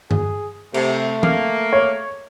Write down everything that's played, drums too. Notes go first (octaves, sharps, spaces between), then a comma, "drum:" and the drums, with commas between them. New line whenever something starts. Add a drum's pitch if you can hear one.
G#4, drum: tom G2
C3 A3, drum: cymbal
A#3, drum: tom E3
C#5